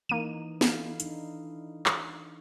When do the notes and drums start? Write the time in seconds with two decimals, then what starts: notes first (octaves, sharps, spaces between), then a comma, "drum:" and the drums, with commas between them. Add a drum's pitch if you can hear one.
0.09 E3 A#3 D#4 D#7
0.61 E4 A4 F5, drum: snare
1.00 D4 D#4, drum: hi-hat
1.86 drum: clap